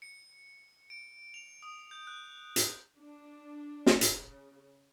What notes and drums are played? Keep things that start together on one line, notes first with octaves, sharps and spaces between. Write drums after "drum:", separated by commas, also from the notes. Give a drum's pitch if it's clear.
C#7
D7
F7
D#6
G6
F#6
drum: hi-hat
D4
drum: snare
C#3, drum: hi-hat